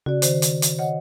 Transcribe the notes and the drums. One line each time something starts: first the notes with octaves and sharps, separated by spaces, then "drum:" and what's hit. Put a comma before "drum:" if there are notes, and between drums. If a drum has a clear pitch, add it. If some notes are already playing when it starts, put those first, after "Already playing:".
C#3 F#4 D5
D#3 C5, drum: hi-hat
drum: hi-hat
drum: hi-hat
C#5 D#5 F#5